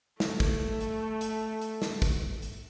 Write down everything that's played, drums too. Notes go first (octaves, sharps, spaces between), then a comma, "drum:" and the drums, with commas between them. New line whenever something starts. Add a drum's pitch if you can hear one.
A3, drum: snare
drum: kick, hi-hat
drum: hi-hat
drum: hi-hat
drum: hi-hat
drum: snare
drum: kick, hi-hat
drum: hi-hat